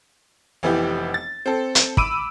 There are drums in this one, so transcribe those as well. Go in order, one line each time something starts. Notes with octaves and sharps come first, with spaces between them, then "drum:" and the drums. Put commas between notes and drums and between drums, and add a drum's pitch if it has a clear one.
F1 E3 B3 E4 G4
A6
C4 A4
drum: hi-hat
B5 D6 E6 D7 D#7, drum: kick